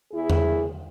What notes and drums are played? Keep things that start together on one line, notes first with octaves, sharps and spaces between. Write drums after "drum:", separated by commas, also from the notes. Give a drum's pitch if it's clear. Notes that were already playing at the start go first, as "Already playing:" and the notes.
E2 E4 G#4
drum: tom E2